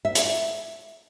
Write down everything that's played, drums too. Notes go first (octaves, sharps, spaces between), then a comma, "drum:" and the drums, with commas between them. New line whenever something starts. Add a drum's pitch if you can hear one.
E5
drum: hi-hat